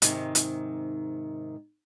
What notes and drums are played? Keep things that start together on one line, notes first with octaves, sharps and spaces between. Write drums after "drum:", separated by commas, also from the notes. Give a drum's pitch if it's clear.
G#2 C3 D#3, drum: hi-hat
drum: hi-hat